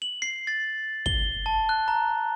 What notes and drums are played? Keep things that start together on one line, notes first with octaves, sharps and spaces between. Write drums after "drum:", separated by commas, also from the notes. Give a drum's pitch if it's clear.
F#7
C7
A6
G7, drum: kick
A5
F#6
A#5